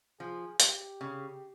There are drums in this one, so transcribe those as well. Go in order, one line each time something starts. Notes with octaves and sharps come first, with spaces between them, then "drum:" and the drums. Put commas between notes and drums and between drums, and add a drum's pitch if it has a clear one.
F3 G#4
G4, drum: hi-hat
C#3